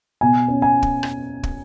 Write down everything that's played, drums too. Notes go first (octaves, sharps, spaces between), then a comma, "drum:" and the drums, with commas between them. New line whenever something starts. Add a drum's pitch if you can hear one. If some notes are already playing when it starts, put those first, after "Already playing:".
B2 G#5
C#4
G#5
drum: kick
drum: rim click
drum: kick